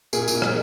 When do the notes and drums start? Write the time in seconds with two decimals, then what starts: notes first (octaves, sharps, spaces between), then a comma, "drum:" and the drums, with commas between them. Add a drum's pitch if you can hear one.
0.13 A#2 G#4, drum: tambourine
0.28 A#2, drum: tambourine
0.42 A#2, drum: rim click